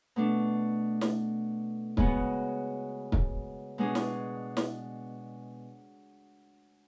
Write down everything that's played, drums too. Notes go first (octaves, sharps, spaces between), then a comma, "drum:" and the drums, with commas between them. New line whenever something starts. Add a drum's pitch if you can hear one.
B2 A3 D4
drum: snare
C#3 G#3 B3 F#4, drum: kick
drum: kick
B2 G#3 D4 G#4
drum: snare
drum: snare